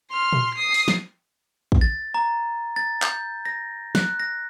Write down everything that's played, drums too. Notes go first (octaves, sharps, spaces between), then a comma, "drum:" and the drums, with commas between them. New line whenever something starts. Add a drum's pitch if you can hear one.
C6 F6
drum: tom A#2
D#6 C7
drum: open hi-hat
drum: snare
drum: kick
A6
A#5
A6
G6, drum: clap
A#6
F#6, drum: snare
A#6